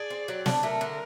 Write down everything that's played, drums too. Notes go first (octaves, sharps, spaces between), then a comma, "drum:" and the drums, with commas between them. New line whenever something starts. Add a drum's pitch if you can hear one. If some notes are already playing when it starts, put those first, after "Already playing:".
Already playing: G#4 D5
C4
F#3
D4, drum: snare
A3 A#4
D3